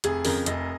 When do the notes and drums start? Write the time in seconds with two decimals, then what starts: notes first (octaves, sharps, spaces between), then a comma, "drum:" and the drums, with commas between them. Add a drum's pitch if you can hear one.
0.04 F1 G#4, drum: hi-hat
0.25 F2 C#3 A#4, drum: open hi-hat
0.46 F1 D#5, drum: hi-hat